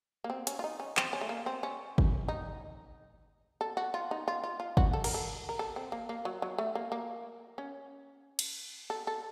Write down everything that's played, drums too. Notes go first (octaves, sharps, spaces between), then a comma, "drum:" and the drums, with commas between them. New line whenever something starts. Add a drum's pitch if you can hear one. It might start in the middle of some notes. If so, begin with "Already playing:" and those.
A#3
C4
C#4, drum: hi-hat
F4
D#4
C#4
C4, drum: clap
C#4
A3
A#3
C4
C#4
drum: kick G1
D#4
A4
F#4
F4
D#4
F4
F4
F4
F#4, drum: kick G1
A4
A#4, drum: cymbal
A4
A#4
A4
C4
A#3
A#3
F#3
F#3
A3
A#3
A#3
C#4
drum: cymbal
A4
A4